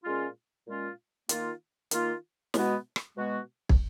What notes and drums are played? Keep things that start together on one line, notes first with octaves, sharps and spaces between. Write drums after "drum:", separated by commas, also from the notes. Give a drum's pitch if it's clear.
A#2 G#3 C#4 F4
A#2 G#3 C#4 F4
D#3 A#3 F4, drum: hi-hat
D#3 A#3 F4, drum: hi-hat
B2 G#3 B3 F#4, drum: snare
drum: rim click
B2 G#3 B3 F#4
drum: kick